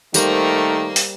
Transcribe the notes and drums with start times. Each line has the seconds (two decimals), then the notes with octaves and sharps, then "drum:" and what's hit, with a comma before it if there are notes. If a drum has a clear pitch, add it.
0.14 D#3 G3 A3 A#3 C5 A#5, drum: tambourine
0.96 drum: open hi-hat